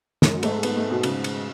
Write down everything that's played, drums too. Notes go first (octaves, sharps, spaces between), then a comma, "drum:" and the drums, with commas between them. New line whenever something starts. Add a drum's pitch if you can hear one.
F#2 G#3, drum: snare
G#2 A3, drum: cymbal
B3, drum: cymbal
A3
B2
C#3, drum: cymbal
drum: cymbal